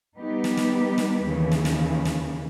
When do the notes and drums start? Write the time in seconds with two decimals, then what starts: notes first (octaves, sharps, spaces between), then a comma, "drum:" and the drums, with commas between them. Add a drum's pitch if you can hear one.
0.17 G3 B3 D#4 G4 B4
0.44 drum: snare
0.57 drum: snare
0.98 drum: snare
1.24 D#2 C#3 E3
1.52 drum: snare
1.65 drum: snare
2.05 drum: snare